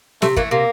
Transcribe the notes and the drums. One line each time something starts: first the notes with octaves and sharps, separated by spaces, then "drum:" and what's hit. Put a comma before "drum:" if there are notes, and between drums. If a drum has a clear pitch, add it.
C3 A3, drum: snare
E3 A3 A#3, drum: kick
C3 A#3